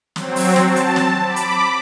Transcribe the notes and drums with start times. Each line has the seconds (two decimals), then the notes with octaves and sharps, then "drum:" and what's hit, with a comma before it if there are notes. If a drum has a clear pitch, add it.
0.16 F#3 C4, drum: snare
0.36 drum: open hi-hat
0.56 drum: snare
0.66 A5
0.76 drum: hi-hat
0.96 drum: snare
1.23 B5 D6
1.36 drum: hi-hat